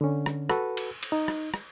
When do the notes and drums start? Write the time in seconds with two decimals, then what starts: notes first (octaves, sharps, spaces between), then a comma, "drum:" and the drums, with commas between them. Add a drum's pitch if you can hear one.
0.01 D3 C#4
0.26 drum: rim click
0.50 F#4 A4 B4, drum: rim click
0.77 drum: cymbal
1.03 drum: cymbal
1.12 D#4
1.28 drum: rim click
1.54 drum: rim click